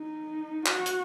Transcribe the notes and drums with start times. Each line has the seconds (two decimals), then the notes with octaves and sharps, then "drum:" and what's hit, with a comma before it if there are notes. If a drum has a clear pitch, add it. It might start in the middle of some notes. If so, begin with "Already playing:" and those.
Already playing: D#4
0.66 F#4, drum: clap
0.86 drum: hi-hat